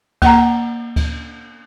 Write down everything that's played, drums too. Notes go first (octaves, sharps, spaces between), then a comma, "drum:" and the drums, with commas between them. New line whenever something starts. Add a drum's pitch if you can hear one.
A#3 F#5 A#5, drum: kick D2, cymbal
drum: kick D2, cymbal